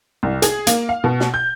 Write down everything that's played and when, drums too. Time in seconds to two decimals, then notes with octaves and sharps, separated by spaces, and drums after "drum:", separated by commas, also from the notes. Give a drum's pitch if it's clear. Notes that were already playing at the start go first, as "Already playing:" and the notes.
0.23 C2
0.42 G#4, drum: hi-hat
0.67 A#3, drum: hi-hat
0.89 F5
1.04 B2
1.20 drum: snare
1.34 G6